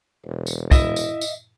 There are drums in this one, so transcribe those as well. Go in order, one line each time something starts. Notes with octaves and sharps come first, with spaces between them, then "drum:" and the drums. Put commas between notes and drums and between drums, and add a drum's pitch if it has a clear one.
E1
drum: tambourine
E4 D#5 E5, drum: kick, tambourine
drum: tambourine
drum: tambourine